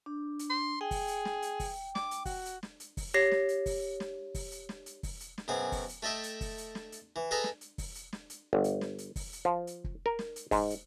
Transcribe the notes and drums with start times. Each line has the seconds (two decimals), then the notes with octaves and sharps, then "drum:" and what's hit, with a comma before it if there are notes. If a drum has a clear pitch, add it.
0.06 D4
0.39 drum: hi-hat
0.50 C6
0.81 G#4 G5
0.91 drum: kick, open hi-hat
1.08 drum: hi-hat
1.25 drum: snare
1.42 drum: hi-hat
1.60 drum: kick, open hi-hat
1.95 D6, drum: snare
2.11 drum: hi-hat
2.25 F#4, drum: kick, open hi-hat
2.45 drum: hi-hat
2.63 drum: snare
2.80 drum: hi-hat
2.97 drum: kick, open hi-hat
3.14 G4 C#5 A#6 C7
3.31 drum: snare
3.49 drum: hi-hat
3.66 drum: kick, open hi-hat
4.00 drum: snare
4.35 drum: kick, open hi-hat
4.52 drum: hi-hat
4.69 drum: snare
4.86 drum: hi-hat
5.03 drum: kick, open hi-hat
5.20 drum: hi-hat
5.38 drum: snare
5.48 F#2 B2 C4 G#4
5.72 drum: kick, open hi-hat
5.89 drum: hi-hat
6.03 A3 A4 D#5 E5 G5
6.24 drum: hi-hat
6.41 drum: kick, open hi-hat
6.58 drum: hi-hat
6.75 drum: snare
6.92 drum: hi-hat
7.16 E3
7.31 G#4 A4 B4 D#5 A#5
7.44 drum: snare
7.61 drum: hi-hat
7.78 drum: kick, open hi-hat
7.95 drum: hi-hat
8.13 drum: snare
8.30 drum: hi-hat
8.53 G1
8.64 drum: hi-hat
8.81 drum: snare
8.98 drum: hi-hat
9.16 drum: kick, open hi-hat
9.33 drum: hi-hat
9.45 F3
9.67 drum: hi-hat
9.84 drum: kick
10.06 A#4
10.19 drum: snare
10.36 drum: hi-hat
10.51 G#2, drum: kick, open hi-hat
10.70 drum: hi-hat